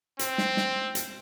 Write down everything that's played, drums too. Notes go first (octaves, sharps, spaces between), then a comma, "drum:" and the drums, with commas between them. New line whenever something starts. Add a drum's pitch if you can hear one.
C4, drum: hi-hat
drum: snare
drum: snare
drum: hi-hat